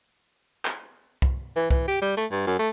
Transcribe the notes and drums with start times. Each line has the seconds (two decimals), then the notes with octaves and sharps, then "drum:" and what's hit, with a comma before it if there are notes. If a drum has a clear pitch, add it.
0.65 drum: clap
1.22 drum: kick C2
1.56 E3
1.70 E3, drum: kick C2
1.88 G4
2.02 G3
2.17 A3
2.31 G2
2.47 F#2
2.59 A3